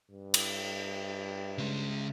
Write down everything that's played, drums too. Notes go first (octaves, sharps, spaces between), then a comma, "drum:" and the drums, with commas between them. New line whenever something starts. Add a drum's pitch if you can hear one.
G2
drum: cymbal
C#3 G#3